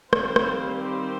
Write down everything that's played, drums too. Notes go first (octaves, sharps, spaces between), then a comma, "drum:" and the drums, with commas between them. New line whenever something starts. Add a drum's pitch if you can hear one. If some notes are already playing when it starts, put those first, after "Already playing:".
D#3 G3 C4 C5 F5, drum: rim click
drum: rim click
G4 C5